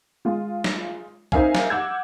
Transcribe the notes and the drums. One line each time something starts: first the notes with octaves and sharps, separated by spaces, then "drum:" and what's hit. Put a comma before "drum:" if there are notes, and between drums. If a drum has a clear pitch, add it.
G#3 F4
drum: snare
C4 D#4 A#4 E5 F5 G#5, drum: kick B1
drum: snare
F#5 D6 E6 G6 G#6